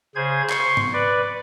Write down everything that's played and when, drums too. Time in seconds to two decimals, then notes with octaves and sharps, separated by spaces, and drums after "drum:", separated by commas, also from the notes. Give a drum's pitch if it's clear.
0.15 C#3 G#4 C5 G#6
0.49 C6 C#6, drum: clap
0.77 drum: tom G#2
0.93 B4 D5